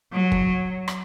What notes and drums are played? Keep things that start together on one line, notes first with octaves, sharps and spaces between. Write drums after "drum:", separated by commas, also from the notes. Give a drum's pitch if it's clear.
F#3
drum: kick G1
drum: rim click